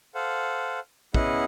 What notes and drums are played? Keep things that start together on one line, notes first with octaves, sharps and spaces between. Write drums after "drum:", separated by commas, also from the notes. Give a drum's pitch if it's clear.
A4 C5 F5 F#5
B3 C#4 E4 G#4 D#5 F#5, drum: kick